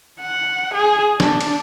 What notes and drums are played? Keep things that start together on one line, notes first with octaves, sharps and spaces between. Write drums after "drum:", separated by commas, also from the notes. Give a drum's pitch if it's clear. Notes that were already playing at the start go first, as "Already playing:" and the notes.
F#5
G#4
D4, drum: snare
drum: cymbal